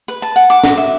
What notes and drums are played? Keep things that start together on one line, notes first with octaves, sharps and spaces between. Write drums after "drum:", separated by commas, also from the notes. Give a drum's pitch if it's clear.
B4
A5
F#5
D6
F#4, drum: snare
E5